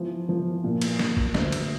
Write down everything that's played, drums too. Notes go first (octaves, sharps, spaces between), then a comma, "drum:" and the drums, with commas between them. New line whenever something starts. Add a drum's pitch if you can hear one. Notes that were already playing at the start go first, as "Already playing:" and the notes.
Already playing: E3 F3
F3
A#2
drum: cymbal
A#2, drum: snare
drum: kick
D2, drum: snare
drum: cymbal